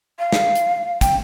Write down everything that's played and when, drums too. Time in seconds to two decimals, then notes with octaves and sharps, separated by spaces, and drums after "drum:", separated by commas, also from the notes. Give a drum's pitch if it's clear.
0.19 F5
0.32 drum: snare
0.55 drum: hi-hat
1.01 G5, drum: kick, hi-hat